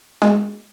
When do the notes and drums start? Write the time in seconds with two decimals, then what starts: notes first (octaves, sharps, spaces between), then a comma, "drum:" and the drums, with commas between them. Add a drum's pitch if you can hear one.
0.22 G#3, drum: snare